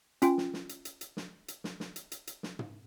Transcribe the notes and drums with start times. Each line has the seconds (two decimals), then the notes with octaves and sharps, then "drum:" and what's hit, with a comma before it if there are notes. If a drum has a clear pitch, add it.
0.22 C#4 F4 G5, drum: hi-hat
0.38 drum: snare
0.53 drum: snare
0.69 drum: hi-hat
0.85 drum: hi-hat
1.01 drum: hi-hat
1.17 drum: snare
1.48 drum: hi-hat
1.64 drum: snare
1.80 drum: snare
1.96 drum: hi-hat
2.12 drum: hi-hat
2.27 drum: hi-hat
2.43 drum: snare
2.59 drum: tom